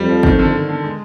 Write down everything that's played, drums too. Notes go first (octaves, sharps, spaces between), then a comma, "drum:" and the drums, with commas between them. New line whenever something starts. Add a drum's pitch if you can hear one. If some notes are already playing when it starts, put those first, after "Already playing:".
Already playing: F2 G3
F3
D#3, drum: kick
D3
D3
D3
G#3